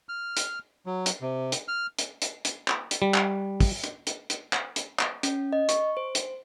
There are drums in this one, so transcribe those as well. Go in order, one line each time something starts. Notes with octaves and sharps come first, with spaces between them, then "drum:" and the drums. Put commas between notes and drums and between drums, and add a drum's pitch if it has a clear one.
F6
drum: hi-hat
F#3
drum: hi-hat
C3
drum: hi-hat
F6
drum: hi-hat
drum: hi-hat
drum: hi-hat
drum: clap
drum: hi-hat
G3
drum: clap
drum: kick, open hi-hat
drum: hi-hat
drum: hi-hat
drum: hi-hat
drum: clap
drum: hi-hat
drum: clap
C#4, drum: hi-hat
D#5
C#6, drum: hi-hat
C5
drum: hi-hat